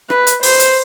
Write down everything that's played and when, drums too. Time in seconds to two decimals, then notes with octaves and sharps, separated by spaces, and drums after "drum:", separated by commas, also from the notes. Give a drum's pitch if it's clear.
0.10 B4, drum: rim click
0.27 drum: hi-hat
0.43 C5, drum: open hi-hat
0.59 drum: hi-hat